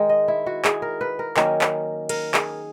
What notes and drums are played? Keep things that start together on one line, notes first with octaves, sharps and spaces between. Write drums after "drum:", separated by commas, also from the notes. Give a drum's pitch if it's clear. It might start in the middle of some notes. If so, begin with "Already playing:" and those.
Already playing: D#3 G#3 D#4
D#5
E4
F#4
G#4, drum: clap
A#4
B4
A#4
D#3 F#3 A#3 C#4, drum: clap
drum: clap
A#4, drum: cymbal
G#4, drum: clap